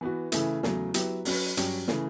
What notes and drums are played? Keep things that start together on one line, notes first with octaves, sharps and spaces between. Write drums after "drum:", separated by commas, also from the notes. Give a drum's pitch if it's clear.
E3 B3 F#4
C#3 E3 A3 E4, drum: hi-hat
E2 C#3 F#3 A3, drum: snare
F#3 B3 E4 G4, drum: hi-hat
F#3 C#4 F#4 B4, drum: open hi-hat
G2 F#3 C#4 G4, drum: hi-hat
C#3 E3 A3, drum: snare